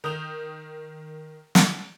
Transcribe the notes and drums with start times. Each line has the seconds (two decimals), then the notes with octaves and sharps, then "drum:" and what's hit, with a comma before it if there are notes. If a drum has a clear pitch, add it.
0.04 D#3 D#6 G6 F7
1.55 drum: snare